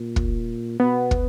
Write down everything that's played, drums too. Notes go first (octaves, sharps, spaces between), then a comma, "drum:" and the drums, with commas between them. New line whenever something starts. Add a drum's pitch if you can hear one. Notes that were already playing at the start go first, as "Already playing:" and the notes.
Already playing: A#2
drum: kick
B2 B3
drum: kick